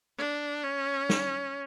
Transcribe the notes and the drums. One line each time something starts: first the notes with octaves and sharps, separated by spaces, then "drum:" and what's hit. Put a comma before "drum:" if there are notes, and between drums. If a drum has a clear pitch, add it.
D4
C#4
drum: snare